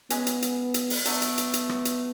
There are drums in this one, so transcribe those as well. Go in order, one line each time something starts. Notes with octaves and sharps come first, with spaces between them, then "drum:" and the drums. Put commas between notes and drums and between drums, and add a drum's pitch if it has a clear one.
G#3 B3 C#4 G#4 B4, drum: hi-hat
drum: hi-hat
drum: hi-hat
drum: hi-hat
drum: open hi-hat
F#3 A3 B3 D4, drum: hi-hat
drum: hi-hat
drum: hi-hat
drum: hi-hat
drum: rim click
drum: hi-hat